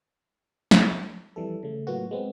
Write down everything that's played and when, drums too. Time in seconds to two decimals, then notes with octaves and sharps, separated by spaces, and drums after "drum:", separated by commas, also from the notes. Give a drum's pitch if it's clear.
0.71 drum: snare
1.36 F2 E3 G3 A4
1.63 C#3 A3
1.87 A2 F#3 A#3 B3 F4 F#4
2.11 G#3 B3 C4